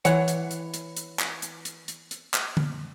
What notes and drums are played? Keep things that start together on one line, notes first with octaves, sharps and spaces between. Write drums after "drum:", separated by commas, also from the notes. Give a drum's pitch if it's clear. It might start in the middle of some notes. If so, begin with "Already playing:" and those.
E3 C#5 F#5, drum: hi-hat
drum: hi-hat
drum: hi-hat
drum: hi-hat
drum: hi-hat
drum: clap
drum: hi-hat
drum: hi-hat
drum: hi-hat
drum: hi-hat
drum: clap
drum: tom D3